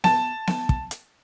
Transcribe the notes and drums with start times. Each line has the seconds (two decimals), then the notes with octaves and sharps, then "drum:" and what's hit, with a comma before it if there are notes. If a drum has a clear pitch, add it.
0.04 A5, drum: snare B3
0.47 drum: snare B3
0.69 drum: kick
0.91 drum: hi-hat